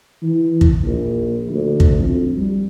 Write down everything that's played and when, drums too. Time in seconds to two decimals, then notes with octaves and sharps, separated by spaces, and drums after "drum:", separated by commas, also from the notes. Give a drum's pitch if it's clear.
0.22 E3
0.61 drum: kick
0.83 A#1
1.50 D2
1.80 drum: kick
2.00 F2
2.37 G3